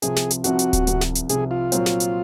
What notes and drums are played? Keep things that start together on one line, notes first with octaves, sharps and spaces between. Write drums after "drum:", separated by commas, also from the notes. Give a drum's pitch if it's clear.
C2 C3 F3 G#4, drum: hi-hat
drum: snare
drum: hi-hat
C2 C3 F3 F#4, drum: hi-hat
drum: hi-hat
drum: kick D1, hi-hat
C2 C3 F3, drum: hi-hat
drum: snare
drum: hi-hat
C2 C3 F3 G#4, drum: hi-hat
F4
A#2 F#3 C4, drum: hi-hat
drum: snare
drum: hi-hat